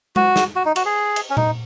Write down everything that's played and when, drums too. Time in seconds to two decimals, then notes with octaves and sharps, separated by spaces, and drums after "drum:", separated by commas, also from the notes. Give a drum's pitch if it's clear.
0.16 F#4, drum: tom G#3
0.36 drum: snare
0.56 F#4
0.65 D#4
0.76 F#4, drum: cymbal
0.85 G#4
1.16 drum: cymbal
1.30 C#4
1.37 D#4, drum: tom A#2